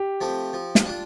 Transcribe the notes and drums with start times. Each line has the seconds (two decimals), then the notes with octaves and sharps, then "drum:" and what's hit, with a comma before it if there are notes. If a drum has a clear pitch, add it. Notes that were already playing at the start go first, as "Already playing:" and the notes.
Already playing: G4
0.21 F3 A3 C4
0.53 F3
0.75 drum: snare
0.85 D4 F4